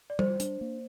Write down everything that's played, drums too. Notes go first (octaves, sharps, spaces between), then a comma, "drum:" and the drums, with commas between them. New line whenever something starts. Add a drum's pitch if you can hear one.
D5
G3 C5, drum: tom
D4, drum: hi-hat
A#3